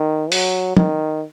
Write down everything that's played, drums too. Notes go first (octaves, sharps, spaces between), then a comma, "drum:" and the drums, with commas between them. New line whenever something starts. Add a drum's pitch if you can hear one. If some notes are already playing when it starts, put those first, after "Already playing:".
Already playing: D#3
F#3, drum: open hi-hat
D#3, drum: tom